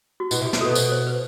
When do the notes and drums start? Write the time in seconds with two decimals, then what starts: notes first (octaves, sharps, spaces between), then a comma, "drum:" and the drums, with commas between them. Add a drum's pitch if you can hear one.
0.20 F#4
0.31 B2 E4, drum: tambourine
0.41 C3
0.45 F#4
0.53 C3, drum: snare
0.61 B2 A4
0.75 C5, drum: tambourine
0.92 C5
1.07 B4